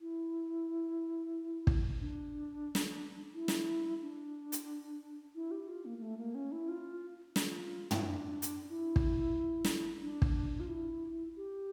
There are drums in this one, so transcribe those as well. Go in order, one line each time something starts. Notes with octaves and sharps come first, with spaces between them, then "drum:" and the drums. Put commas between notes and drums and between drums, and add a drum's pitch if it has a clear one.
E4
drum: kick
D4
drum: snare
E4
drum: snare
D4
drum: hi-hat
E4
G4
F4
A#3
A#3
A3
A#3
C#4
E4
F4
F4, drum: snare
E4, drum: tom
D4
drum: hi-hat
E4
drum: kick
drum: snare
D4
drum: kick
F4
E4
G4